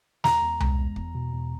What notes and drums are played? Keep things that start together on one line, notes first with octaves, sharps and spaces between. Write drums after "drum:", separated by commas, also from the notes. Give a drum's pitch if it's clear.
E2 A#5, drum: snare
E2
G#3, drum: tom C2
E2
E2, drum: kick
B2
E2